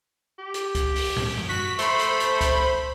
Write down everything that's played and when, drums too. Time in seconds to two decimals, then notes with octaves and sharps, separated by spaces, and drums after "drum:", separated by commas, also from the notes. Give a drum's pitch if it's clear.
0.39 G4
0.54 drum: hi-hat
0.75 drum: kick C#2, hi-hat
0.96 drum: open hi-hat
1.16 drum: tom
1.37 drum: tom F#2
1.49 F#4 B6
1.79 A3 C5 B5, drum: hi-hat
1.99 drum: hi-hat
2.20 drum: hi-hat
2.41 drum: kick C#2, hi-hat